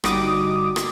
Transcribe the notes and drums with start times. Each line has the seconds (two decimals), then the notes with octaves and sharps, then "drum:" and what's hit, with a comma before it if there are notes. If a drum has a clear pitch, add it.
0.04 G1 G3 D#4 F#4 D6 D#6, drum: rim click
0.76 drum: rim click